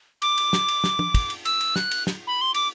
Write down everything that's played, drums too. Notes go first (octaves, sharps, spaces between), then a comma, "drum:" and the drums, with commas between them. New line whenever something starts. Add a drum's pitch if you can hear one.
D6, drum: cymbal
drum: cymbal
drum: snare
drum: cymbal
drum: snare
drum: tom
drum: kick, cymbal
drum: cymbal
E6, drum: cymbal
drum: cymbal
F#6, drum: snare
drum: cymbal
drum: snare
B5
C6
D6, drum: cymbal